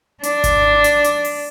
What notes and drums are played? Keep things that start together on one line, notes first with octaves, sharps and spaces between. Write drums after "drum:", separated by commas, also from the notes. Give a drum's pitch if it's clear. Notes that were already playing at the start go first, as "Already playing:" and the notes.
D4, drum: hi-hat
drum: kick G#1, hi-hat
drum: hi-hat
drum: hi-hat
drum: open hi-hat